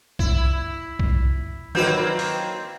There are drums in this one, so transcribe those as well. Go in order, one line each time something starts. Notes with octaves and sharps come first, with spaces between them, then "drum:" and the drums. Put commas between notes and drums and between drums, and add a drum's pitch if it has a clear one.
E4, drum: kick B1
drum: kick B1
D#3 F#3 A#3 C4 B4 G6, drum: tom
drum: open hi-hat